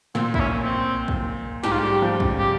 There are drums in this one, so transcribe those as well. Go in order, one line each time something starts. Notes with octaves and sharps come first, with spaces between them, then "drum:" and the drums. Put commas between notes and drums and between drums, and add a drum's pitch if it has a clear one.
A#2 C4, drum: snare
E4, drum: kick
C#4
C4
drum: kick
G#2 G4, drum: snare
F4
G3 G4
F3
C#3, drum: kick
G4